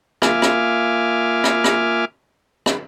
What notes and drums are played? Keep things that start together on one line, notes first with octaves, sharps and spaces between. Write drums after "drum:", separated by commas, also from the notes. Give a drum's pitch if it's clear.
A#3 F4 E5 G#5 D6 F6, drum: rim click
drum: rim click
drum: rim click
drum: rim click
drum: rim click